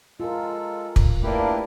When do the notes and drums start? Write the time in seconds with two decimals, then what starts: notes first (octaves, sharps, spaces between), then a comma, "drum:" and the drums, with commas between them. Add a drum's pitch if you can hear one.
0.20 G#3 F4 A4 A#4
0.96 drum: kick
1.23 A3 A#3 D4 E4 G4 B4